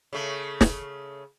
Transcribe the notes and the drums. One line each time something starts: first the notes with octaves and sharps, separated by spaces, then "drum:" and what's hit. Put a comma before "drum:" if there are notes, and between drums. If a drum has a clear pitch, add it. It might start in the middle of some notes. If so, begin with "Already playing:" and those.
C#3 A3
drum: snare